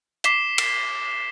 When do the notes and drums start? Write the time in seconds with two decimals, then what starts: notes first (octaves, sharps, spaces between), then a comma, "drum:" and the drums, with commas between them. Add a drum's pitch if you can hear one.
0.24 D6 B6 C7 E7 G7, drum: hi-hat
0.58 drum: cymbal